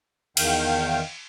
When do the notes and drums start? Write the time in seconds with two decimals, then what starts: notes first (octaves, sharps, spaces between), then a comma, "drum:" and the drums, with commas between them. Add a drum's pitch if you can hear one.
0.37 E2 D#3 F5 G5, drum: cymbal